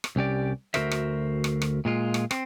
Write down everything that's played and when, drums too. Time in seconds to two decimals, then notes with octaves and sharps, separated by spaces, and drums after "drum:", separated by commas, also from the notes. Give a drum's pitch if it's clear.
0.04 drum: rim click
0.16 C2 C#4 G4 D5
0.74 D2 E3 F#4 A#4 C5 E5, drum: rim click
0.91 drum: rim click
1.44 drum: rim click
1.62 drum: rim click
1.85 A#2 G#3 F4
2.14 drum: rim click
2.31 C4, drum: rim click